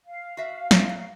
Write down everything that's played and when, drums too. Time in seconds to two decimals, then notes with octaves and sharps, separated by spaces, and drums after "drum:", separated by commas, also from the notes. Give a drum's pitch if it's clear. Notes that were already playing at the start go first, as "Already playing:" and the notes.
0.06 F5
0.37 F#4 E5
0.71 A3 F4 E5, drum: snare
0.89 F#3